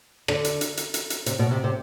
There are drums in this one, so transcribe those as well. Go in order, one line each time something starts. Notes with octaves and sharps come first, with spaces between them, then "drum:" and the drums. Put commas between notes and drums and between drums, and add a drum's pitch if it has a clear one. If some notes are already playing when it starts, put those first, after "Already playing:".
D3, drum: rim click
drum: hi-hat
drum: hi-hat
drum: hi-hat
drum: hi-hat
drum: hi-hat
C3, drum: hi-hat
B2
C3
C3